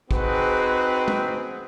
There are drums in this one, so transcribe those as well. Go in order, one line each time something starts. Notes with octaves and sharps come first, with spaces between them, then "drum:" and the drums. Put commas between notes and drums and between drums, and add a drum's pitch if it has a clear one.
C4 D#4 F#4 G#4 B4, drum: kick
drum: tom